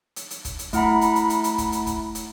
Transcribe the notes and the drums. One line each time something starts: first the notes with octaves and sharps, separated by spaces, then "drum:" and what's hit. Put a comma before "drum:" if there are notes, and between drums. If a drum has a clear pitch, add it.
drum: hi-hat
drum: hi-hat
drum: kick, hi-hat
drum: hi-hat
A3 E4 F#5 A#5 B5, drum: kick, hi-hat
drum: hi-hat
drum: hi-hat
drum: hi-hat
drum: hi-hat
drum: kick, hi-hat
drum: hi-hat
drum: kick, hi-hat
drum: hi-hat